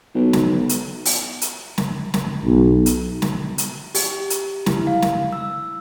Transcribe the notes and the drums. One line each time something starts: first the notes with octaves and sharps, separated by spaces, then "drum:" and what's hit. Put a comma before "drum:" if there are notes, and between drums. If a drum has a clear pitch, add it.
B1
drum: snare
drum: hi-hat
drum: open hi-hat
drum: hi-hat
drum: snare
drum: snare
B1
drum: hi-hat
drum: snare
drum: hi-hat
G4, drum: open hi-hat
drum: hi-hat
E4, drum: snare
F5
drum: snare
E6